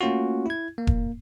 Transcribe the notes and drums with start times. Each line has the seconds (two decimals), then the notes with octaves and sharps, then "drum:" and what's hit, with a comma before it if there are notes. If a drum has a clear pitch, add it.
0.01 A3 A#3 C#4 F4 F#4
0.46 E4 G#6
0.78 A#3
0.87 drum: kick E1